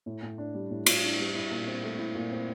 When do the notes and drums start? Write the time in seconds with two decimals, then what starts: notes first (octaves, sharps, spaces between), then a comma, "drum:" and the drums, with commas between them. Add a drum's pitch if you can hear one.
0.06 A2
0.22 A2
0.38 D4
0.55 G3
0.71 A2
0.86 A2, drum: cymbal
1.03 D4
1.19 G3
1.35 E4
1.51 A#2
1.67 C4
1.83 A3
1.99 E4
2.15 A#2
2.31 C4